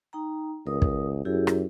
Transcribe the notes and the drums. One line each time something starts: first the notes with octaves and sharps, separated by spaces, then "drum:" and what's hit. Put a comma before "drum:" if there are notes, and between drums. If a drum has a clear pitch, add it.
D#4 G5 A#5
C#2 A#4 D#6
drum: kick
F#2 E4 G4 G#4
drum: rim click